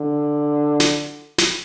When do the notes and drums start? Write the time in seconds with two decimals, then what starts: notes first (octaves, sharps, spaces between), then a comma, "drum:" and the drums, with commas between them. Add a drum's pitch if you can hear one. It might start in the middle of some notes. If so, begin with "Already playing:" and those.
Already playing: D3
0.80 drum: snare
1.38 drum: snare